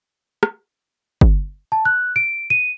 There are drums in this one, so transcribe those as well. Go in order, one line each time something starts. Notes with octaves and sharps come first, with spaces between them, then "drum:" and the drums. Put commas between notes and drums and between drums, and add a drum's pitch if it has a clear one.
drum: rim click
drum: kick G1
A5
F#6
D7
D#7